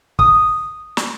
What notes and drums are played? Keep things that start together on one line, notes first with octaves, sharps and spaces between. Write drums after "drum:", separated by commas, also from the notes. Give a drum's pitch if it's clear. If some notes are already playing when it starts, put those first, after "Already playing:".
D#6, drum: kick
drum: snare